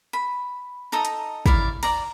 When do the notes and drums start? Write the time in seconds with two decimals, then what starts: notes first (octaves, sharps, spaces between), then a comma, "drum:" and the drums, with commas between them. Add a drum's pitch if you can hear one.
0.13 B5
0.92 D#4 A4 A#5 D#6
1.05 drum: hi-hat
1.46 E4 C#5 D5 F5, drum: kick
1.83 D5 A#5, drum: cymbal